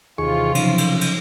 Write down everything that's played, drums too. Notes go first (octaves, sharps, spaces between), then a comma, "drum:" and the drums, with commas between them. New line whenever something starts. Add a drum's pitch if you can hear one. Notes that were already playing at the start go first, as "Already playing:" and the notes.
D#2 C3 E3 F4 G#4 C#6
C#3 F3 F#3 D#4, drum: cymbal
drum: cymbal
drum: cymbal